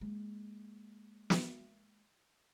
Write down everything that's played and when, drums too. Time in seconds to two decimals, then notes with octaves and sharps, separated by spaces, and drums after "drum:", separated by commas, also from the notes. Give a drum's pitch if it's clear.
0.01 G#3 A#3
1.30 drum: snare